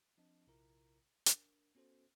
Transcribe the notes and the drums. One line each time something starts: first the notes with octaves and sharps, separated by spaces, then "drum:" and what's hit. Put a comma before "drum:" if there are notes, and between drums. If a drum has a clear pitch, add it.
F3 C4 D4 D#5 A5
A#1 C3 E4 F4 A#4 A#5
D4 A#4, drum: hi-hat
B3 C#4 F#4 A4 C5